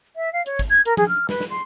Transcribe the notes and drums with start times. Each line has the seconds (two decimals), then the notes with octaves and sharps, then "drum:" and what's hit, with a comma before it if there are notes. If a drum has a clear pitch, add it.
0.16 E5
0.33 F5
0.46 C#5, drum: hi-hat
0.59 drum: kick, hi-hat
0.70 G#6
0.85 A#4, drum: hi-hat
0.97 G#4, drum: tom F3
1.09 F6
1.29 B4, drum: snare
1.40 drum: snare
1.50 C6